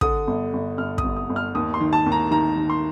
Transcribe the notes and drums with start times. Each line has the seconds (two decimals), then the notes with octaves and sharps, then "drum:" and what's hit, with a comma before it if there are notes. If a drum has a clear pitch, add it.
0.01 D3 D#6, drum: kick
0.27 G1
0.53 G1
0.78 G1 F6
0.98 D#6, drum: kick
1.04 G1
1.16 D#6
1.30 G1
1.36 F6
1.55 D#2 D#6
1.74 C6
1.80 D#3
1.93 A5
2.06 D#2
2.12 A#5
2.31 D#3 A#5
2.57 D#3
2.70 C6